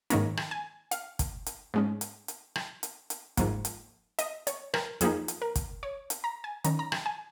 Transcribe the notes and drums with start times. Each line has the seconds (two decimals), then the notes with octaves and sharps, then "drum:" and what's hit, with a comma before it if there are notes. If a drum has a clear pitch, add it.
0.10 G#2 D#3 A#3 C#4 A#5, drum: hi-hat
0.37 drum: rim click
0.51 G#5
0.91 F5, drum: hi-hat
1.19 drum: kick, hi-hat
1.46 drum: hi-hat
1.74 G#2 G#3 C#4
2.01 drum: hi-hat
2.28 drum: hi-hat
2.56 drum: rim click
2.83 drum: hi-hat
3.10 drum: hi-hat
3.37 G#2 F3 A#3, drum: kick, hi-hat
3.65 drum: hi-hat
4.19 D#5, drum: hi-hat
4.47 C#5, drum: hi-hat
4.74 A#4, drum: rim click
5.01 F2 F3 A#3 D#4 G#4, drum: hi-hat
5.28 drum: hi-hat
5.42 A#4
5.55 drum: kick, hi-hat
5.83 C#5
6.10 drum: hi-hat
6.24 A#5
6.44 G#5
6.64 D#3 C#4 A#5, drum: hi-hat
6.79 A#5
6.92 drum: rim click
7.06 G#5